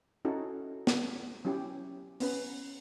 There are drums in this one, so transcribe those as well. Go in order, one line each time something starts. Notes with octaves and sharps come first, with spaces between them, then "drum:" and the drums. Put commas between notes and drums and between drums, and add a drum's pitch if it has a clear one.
C#4 D#4 E4 F#4 A4
drum: snare
F#3 C#4 E4 G4
B3 C#4 B4, drum: open hi-hat